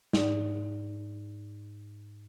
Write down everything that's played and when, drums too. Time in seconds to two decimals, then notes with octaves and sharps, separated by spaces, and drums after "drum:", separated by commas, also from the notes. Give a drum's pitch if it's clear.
0.13 G#2 D#4 D5, drum: snare